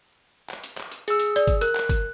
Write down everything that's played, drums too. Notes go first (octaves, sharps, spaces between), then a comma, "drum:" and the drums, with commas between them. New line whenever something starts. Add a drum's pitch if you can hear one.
drum: clap
drum: hi-hat
drum: clap
drum: hi-hat
G#4 E6, drum: hi-hat
drum: hi-hat
D5, drum: hi-hat
drum: kick, hi-hat
A#4 F#6, drum: hi-hat
drum: clap
drum: kick, hi-hat